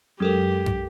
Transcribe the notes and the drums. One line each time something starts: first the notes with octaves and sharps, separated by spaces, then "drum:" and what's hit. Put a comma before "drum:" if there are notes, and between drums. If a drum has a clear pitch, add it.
F#2 G#3 G4 A4 A#4
drum: tom